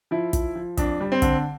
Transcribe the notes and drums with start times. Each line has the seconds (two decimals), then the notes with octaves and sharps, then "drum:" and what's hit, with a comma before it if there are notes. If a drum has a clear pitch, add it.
0.11 F3 E4
0.33 F3, drum: kick, hi-hat
0.56 F3
0.77 F2 D4, drum: kick, hi-hat
1.01 G3
1.12 C4
1.22 D3, drum: kick, hi-hat